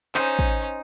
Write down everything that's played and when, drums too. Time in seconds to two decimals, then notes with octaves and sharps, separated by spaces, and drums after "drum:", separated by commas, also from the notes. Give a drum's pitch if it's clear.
0.15 C#4 D#4 C5, drum: clap
0.39 drum: kick